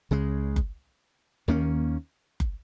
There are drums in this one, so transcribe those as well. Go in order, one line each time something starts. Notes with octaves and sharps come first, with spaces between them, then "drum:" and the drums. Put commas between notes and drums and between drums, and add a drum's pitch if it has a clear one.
C#2 C#3 G#3
drum: kick F#1
D#2 D#3 A#3 C#4
drum: kick F#1